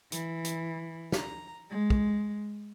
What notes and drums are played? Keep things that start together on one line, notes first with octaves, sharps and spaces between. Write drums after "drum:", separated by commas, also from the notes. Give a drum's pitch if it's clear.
E3, drum: hi-hat
drum: hi-hat
A#5, drum: snare
G#3
drum: kick